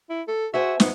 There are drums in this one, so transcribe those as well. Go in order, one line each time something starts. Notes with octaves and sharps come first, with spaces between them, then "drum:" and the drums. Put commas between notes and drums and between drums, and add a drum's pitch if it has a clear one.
E4
A4
F#4 G#4 C5 E5
G#2 B3, drum: snare